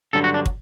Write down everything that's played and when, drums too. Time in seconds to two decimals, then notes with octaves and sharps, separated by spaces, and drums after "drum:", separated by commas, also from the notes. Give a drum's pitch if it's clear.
0.13 G2 D3 F#3 A4
0.24 F#4
0.34 D4
0.46 drum: kick